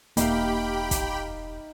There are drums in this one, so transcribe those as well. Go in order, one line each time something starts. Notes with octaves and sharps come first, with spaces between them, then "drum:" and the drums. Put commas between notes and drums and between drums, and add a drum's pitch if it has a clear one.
E1 A#3 D#4 G4 E5 F5 G5 B5, drum: hi-hat
drum: kick, hi-hat